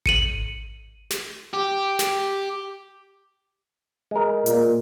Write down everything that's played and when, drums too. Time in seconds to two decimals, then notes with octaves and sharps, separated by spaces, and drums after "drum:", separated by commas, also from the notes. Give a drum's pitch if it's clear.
0.06 C#7 D#7 F#7, drum: kick G#1
1.10 drum: snare
1.54 G4
1.99 drum: snare
4.11 G#3 A#4
4.46 A#2, drum: hi-hat